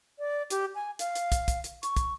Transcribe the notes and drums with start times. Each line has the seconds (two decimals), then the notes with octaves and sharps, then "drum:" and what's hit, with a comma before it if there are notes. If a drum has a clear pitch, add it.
0.19 D5
0.50 G4, drum: hi-hat
0.75 G#5
0.99 F5, drum: hi-hat
1.15 drum: hi-hat
1.32 drum: kick, hi-hat
1.48 drum: kick, hi-hat
1.64 drum: hi-hat
1.83 C#6, drum: hi-hat
1.97 drum: kick, hi-hat